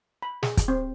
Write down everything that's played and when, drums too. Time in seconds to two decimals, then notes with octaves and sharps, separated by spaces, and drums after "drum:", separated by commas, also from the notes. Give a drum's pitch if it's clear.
0.22 B5
0.43 G#4, drum: snare
0.57 drum: kick, hi-hat
0.68 C4